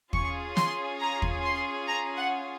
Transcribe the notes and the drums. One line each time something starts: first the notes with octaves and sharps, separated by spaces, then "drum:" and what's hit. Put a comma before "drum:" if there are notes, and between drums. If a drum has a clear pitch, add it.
C#4 F4 G#4 C#6, drum: kick
C6, drum: snare
A#5
drum: kick
C6
A#5
F#5